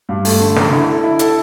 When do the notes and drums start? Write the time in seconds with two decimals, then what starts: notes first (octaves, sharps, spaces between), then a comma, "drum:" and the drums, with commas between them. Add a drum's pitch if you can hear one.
0.09 G2
0.25 A3, drum: open hi-hat
0.40 D3
0.56 D3, drum: snare
0.73 E4
0.88 A4
1.03 E4
1.19 A4, drum: hi-hat